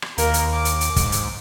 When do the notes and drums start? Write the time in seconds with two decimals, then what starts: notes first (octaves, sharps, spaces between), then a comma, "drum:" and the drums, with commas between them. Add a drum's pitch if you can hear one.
0.02 drum: rim click
0.18 D#2 A#3 A#4, drum: hi-hat
0.34 drum: hi-hat
0.53 D6
0.65 drum: hi-hat
0.81 drum: hi-hat
0.96 G#2, drum: kick, hi-hat
1.12 drum: hi-hat